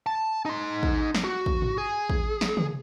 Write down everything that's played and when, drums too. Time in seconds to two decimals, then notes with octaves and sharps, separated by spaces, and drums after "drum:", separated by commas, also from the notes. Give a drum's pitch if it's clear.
0.06 A5
0.45 D#4 C6
0.83 drum: kick
1.15 drum: snare
1.24 F#4
1.46 drum: kick
1.62 drum: tom
1.78 G#4
2.10 drum: kick
2.41 drum: snare
2.57 drum: tom